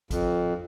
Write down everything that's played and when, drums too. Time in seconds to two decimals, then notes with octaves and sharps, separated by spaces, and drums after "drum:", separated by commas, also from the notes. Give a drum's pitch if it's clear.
0.11 F2, drum: kick G#1, hi-hat